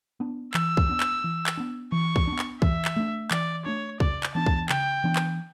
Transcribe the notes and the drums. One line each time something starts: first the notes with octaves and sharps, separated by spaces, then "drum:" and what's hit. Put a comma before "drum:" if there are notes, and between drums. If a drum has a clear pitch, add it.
B3 D4
E3 E6, drum: clap
drum: kick
B3 D4
drum: clap
E3
drum: clap
B3 D4
E3 C#6
drum: kick
B3 D4
drum: clap
E3 E5, drum: kick
drum: clap
A3 D4
E3 D5, drum: clap
A3 D4 C#5
C#3 D5, drum: kick
drum: clap
E3 B3 D4 A5
drum: kick
C#3 G5, drum: clap
E3 B3 D4
drum: clap